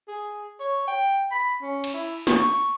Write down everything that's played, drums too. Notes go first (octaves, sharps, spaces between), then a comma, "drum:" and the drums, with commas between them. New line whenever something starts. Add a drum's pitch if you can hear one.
G#4
C#5
G5
B5
C#4
drum: cymbal
E4
C#6, drum: snare